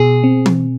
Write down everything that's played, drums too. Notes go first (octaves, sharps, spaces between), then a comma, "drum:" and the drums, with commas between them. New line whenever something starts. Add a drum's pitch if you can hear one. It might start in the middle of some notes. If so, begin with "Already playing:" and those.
Already playing: B2 G#4
C4
drum: tom E3